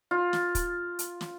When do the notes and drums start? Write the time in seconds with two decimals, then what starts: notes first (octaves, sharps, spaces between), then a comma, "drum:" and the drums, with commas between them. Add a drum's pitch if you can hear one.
0.11 F4
0.33 drum: snare
0.55 drum: kick, hi-hat
0.99 drum: hi-hat
1.21 drum: snare